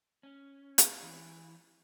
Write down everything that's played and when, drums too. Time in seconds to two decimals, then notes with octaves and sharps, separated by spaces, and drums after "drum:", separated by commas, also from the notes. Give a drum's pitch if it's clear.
0.23 C#4
0.78 drum: hi-hat
1.03 E3